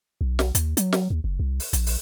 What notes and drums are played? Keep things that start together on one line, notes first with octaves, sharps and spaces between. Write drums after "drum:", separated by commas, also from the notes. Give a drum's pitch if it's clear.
B1
drum: snare
D#2, drum: hi-hat
F#3, drum: hi-hat
drum: snare
D#2
F#1
C2
drum: open hi-hat
A#1, drum: hi-hat
drum: open hi-hat